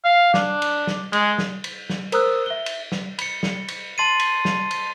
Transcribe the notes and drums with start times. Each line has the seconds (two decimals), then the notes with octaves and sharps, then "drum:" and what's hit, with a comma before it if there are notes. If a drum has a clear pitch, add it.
0.05 F5
0.34 D4, drum: snare
0.62 drum: cymbal
0.87 drum: snare
1.13 G#3, drum: cymbal
1.38 drum: snare
1.64 drum: cymbal
1.90 drum: snare
2.12 A#4 C5 A#5 D#6 E6 F#6, drum: cymbal
2.46 E5 G7
2.66 drum: cymbal
2.92 drum: snare
3.19 B5 C#7, drum: cymbal
3.43 drum: snare
3.68 drum: cymbal
3.98 A5 C6 A6 C7 D#7
4.20 drum: cymbal
4.45 drum: snare
4.71 drum: cymbal